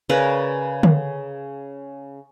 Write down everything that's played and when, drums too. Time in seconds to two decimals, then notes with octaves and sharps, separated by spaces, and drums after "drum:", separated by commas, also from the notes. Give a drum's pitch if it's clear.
0.09 C#3 A#4 B4 D5
0.83 drum: tom D3